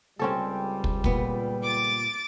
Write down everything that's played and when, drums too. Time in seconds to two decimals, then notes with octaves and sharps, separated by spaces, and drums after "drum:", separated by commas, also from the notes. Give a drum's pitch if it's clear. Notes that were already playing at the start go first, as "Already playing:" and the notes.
0.19 C#2 G3 C4 C#4 A4
0.84 drum: kick
1.04 A#2 B3, drum: kick
1.63 D6 A6